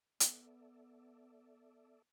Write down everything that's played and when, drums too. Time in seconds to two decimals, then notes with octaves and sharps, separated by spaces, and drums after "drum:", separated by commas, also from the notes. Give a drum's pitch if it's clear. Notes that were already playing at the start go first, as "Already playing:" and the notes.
0.20 B3 A4 D5 E5, drum: hi-hat